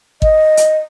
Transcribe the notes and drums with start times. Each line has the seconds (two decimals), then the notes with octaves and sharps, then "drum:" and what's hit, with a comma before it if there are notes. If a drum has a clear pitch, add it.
0.22 D#5, drum: kick
0.57 drum: hi-hat